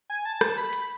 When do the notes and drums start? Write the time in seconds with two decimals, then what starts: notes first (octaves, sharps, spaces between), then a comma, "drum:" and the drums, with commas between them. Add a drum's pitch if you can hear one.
0.10 G#5
0.25 A5
0.41 drum: rim click
0.57 B5
0.73 drum: hi-hat